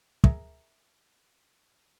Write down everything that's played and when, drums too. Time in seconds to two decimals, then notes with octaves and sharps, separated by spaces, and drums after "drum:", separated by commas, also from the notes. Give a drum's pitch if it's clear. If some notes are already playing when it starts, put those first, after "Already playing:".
0.24 G#4 A#4 E5, drum: kick